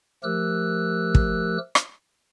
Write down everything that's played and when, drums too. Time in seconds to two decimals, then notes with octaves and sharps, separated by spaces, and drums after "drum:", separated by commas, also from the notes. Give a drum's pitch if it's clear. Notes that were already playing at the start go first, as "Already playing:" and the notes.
0.24 F3 A3 G4 A#4 E6 F#6
1.15 drum: kick
1.75 drum: rim click